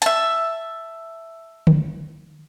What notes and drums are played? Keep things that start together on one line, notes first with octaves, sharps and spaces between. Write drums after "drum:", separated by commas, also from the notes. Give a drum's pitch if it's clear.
E5 A5, drum: hi-hat
drum: tom D3